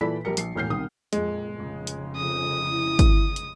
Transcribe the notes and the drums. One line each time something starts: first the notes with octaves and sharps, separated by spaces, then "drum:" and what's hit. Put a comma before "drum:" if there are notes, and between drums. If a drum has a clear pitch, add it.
A#2 E3 A4 D5 B5 B6
A#1 G3 A#4 C#7
A#1 C7, drum: hi-hat
E1 A2 F6 G6 C7
C2 D#3 D#6
F2 A#2 G#3, drum: hi-hat
F1 C#3
drum: hi-hat
F2 D#6
E4
drum: kick, hi-hat
drum: hi-hat